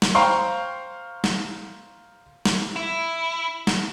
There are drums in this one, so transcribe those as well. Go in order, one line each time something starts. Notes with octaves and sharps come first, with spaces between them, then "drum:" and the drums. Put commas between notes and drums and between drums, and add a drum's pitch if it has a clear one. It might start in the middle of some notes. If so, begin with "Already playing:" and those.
drum: snare
C5 F5 G5 A#5 C6 C#6
drum: snare
drum: snare
E4
drum: snare